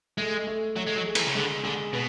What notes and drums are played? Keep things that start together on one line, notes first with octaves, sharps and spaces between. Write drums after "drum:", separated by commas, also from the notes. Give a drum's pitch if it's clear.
G#3 A3
A3
F#3 A3
G#3
F#3
G#4
E3, drum: cymbal
C#3
D3 G#3
D3 G#3
B2 B3